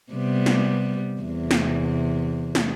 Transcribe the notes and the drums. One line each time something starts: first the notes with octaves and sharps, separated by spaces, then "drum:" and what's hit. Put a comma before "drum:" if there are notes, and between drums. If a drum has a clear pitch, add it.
C3 G3 B3
drum: snare
E2 C3
drum: snare
drum: snare